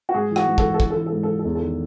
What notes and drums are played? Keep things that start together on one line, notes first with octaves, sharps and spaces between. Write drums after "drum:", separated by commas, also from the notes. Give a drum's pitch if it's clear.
F#4
G#2 G#4
E3
F#4, drum: rim click
G#2
A4, drum: kick
E3
A4
E3, drum: kick
A4
E3
A4
G#2
A4
E3
A4
E2
A4
D#3